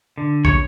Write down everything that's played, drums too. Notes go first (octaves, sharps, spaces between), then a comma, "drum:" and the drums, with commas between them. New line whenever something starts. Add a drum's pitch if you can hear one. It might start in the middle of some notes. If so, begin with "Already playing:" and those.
D3
C#5, drum: kick